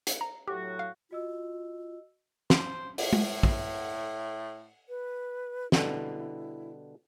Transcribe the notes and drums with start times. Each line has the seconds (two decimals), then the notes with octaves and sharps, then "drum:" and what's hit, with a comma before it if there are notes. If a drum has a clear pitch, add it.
0.07 drum: hi-hat
0.21 A#5
0.48 A2 F#3 F#4 G4
0.79 F5
1.11 F4 F#4 D#5 E6
2.50 C5, drum: snare
2.98 A2, drum: open hi-hat
3.13 drum: tom G#3
3.43 drum: kick
4.89 B4
5.72 B2 D3 G3 E4, drum: snare